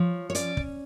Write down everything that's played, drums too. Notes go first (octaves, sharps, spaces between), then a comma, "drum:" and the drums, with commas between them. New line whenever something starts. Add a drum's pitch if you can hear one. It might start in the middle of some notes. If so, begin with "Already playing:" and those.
Already playing: F3 C#5
C#5
C#4 D5, drum: hi-hat
drum: kick